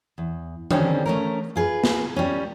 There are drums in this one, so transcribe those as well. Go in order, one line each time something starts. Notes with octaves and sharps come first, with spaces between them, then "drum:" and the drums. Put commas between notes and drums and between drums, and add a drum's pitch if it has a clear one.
E2
D3 D#3 G3 C4 C#4, drum: tom E3
A3 C#4 A#4
F4 G#4 A#4 B4
drum: snare
G3 C#4